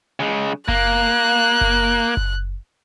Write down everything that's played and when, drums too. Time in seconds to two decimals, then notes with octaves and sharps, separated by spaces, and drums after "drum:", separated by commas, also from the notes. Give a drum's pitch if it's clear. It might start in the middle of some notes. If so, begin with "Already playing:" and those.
0.20 C#3 G#3
0.68 A#3 F#6, drum: kick F#1
1.61 drum: kick F#1
2.17 drum: kick F#1